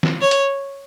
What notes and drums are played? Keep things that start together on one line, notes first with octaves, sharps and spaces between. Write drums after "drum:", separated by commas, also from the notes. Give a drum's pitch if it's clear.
drum: snare
C#5
drum: hi-hat